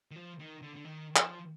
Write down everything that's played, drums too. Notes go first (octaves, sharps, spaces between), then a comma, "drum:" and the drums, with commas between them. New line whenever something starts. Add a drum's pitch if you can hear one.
D#3
F3
D#3
D3
D3
D#3
F3, drum: clap